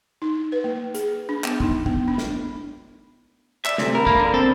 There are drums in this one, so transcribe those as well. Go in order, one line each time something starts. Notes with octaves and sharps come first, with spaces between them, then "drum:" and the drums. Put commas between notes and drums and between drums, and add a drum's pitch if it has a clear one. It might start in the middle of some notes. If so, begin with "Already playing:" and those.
D#4
B4
A#3
G#4, drum: hi-hat
D4
B3, drum: clap
D#4, drum: kick
B3, drum: kick
D4
drum: snare
D5 E5, drum: clap
D2 C3 A4, drum: snare
A#4 B5
A#3, drum: kick
D3
C4 A4